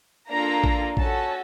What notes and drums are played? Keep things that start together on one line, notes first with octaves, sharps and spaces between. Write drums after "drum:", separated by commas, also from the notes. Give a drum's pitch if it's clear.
A#3 D4 F4 A4 A#5
drum: kick A1
C#4 F#4 A4 A5, drum: kick A1